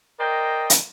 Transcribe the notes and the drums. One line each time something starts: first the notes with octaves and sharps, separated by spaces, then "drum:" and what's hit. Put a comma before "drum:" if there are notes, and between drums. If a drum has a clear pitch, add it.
A#4 C5 D5 D#5 G5
drum: hi-hat